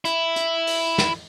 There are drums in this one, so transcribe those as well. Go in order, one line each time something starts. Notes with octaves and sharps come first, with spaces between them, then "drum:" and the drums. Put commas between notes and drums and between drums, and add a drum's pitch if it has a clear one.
E4, drum: hi-hat
drum: hi-hat
drum: open hi-hat
drum: snare